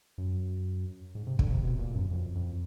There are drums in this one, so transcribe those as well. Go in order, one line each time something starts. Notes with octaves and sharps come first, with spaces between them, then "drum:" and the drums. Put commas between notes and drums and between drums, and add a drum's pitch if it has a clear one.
F#2
G#2
C3
D3, drum: kick
C3
B2
A#2
F#2
F2
F2